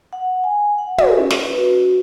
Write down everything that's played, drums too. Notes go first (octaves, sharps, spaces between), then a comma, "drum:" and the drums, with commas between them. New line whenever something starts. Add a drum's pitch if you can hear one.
F#5
G#5
F#5
F#4, drum: tom
C#4
drum: snare
B4
F#4